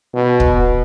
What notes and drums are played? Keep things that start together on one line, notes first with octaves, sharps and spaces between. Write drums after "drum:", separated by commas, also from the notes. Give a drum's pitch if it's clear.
B2
drum: kick